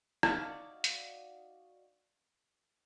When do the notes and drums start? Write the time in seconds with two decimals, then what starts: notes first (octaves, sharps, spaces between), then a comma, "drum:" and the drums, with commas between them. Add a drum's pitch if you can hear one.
0.23 D#4 F#4 D5 F5, drum: rim click
0.84 drum: hi-hat